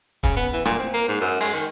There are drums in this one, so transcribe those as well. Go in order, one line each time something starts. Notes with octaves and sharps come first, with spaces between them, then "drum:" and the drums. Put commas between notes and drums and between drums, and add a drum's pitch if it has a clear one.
C#3, drum: kick, hi-hat
B3
E3
A#2, drum: rim click
C4
A#3
G#2
F#2
G#3, drum: open hi-hat
D#3